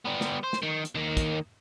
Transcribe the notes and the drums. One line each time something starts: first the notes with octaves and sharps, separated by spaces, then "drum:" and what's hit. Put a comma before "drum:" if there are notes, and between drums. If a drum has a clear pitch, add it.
G3 B3
drum: snare
C5
drum: snare
D#3
drum: hi-hat
D#3 A#3
drum: kick, hi-hat